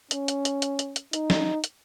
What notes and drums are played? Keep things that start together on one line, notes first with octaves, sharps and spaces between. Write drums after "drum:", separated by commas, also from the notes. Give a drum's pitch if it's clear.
C#4, drum: hi-hat
drum: hi-hat
drum: hi-hat
drum: hi-hat
drum: hi-hat
drum: hi-hat
D#4, drum: hi-hat
drum: snare
drum: hi-hat